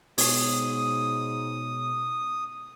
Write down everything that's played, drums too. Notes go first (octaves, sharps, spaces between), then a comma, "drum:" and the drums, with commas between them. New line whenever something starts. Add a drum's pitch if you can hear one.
G#2 B2 C#5 D#6, drum: open hi-hat